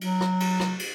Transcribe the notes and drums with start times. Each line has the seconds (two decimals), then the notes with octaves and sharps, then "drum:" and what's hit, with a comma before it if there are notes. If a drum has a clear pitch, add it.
0.01 F#3, drum: cymbal
0.21 drum: rim click
0.40 drum: cymbal
0.60 drum: rim click
0.79 drum: cymbal